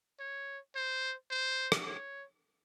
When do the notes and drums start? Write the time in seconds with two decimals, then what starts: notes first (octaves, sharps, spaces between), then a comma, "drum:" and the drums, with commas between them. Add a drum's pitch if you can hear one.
0.20 C#5
0.75 C5
1.31 C5
1.72 drum: rim click
1.86 C#5